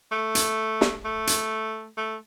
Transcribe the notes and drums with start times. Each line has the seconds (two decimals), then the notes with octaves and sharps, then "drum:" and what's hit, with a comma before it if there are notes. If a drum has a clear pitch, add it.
0.11 A3
0.35 drum: hi-hat
0.81 drum: snare
1.05 A3
1.27 drum: hi-hat
1.97 A3